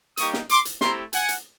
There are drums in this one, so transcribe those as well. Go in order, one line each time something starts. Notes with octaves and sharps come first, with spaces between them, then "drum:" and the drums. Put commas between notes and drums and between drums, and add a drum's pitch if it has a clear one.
G3 A#3 D#4 G4 C#6 D#6, drum: hi-hat
drum: snare
C6 D6, drum: hi-hat
drum: hi-hat
A3 C4 E4 G4 A#5 C6, drum: snare
F#5 G#5, drum: hi-hat
drum: hi-hat